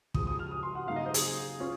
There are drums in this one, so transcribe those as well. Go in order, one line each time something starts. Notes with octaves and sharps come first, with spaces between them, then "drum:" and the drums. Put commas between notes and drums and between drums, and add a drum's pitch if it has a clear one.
C#3 F3 G#3 C4 D#6, drum: kick
D#6
F6
D#6
C6
F#5
C#3 F#3 A#3 D#4 F5
D#5
C5
G#4, drum: hi-hat
C#4 F4